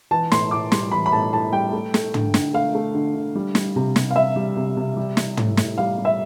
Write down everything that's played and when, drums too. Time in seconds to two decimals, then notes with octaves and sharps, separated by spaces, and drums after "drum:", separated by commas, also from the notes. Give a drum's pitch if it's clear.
0.11 E3 A5
0.31 A2 C6, drum: snare
0.51 A2 D6
0.72 G3 C6, drum: snare
0.92 E3 B5
1.06 B5
1.12 A2 A5
1.33 A2 A5
1.52 G3 G5
1.73 A3
1.94 A3, drum: snare
2.14 D3, drum: tom
2.34 D3, drum: snare
2.54 A3 F5
2.75 A3
2.95 D3
3.15 D3
3.35 G3
3.55 G3, drum: snare
3.76 C3
3.96 C3, drum: snare
4.11 F5
4.16 G3 E5
4.36 G3
4.56 C3
4.77 C3
4.97 G3
5.17 G3, drum: snare
5.37 A2, drum: tom
5.57 A2, drum: snare
5.78 G3 F5
5.98 G3
6.05 E5